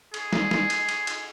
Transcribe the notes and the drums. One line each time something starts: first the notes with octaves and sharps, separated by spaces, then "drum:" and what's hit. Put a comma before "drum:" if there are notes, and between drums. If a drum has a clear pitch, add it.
G#4, drum: cymbal
drum: snare
drum: snare
drum: cymbal
drum: cymbal
drum: cymbal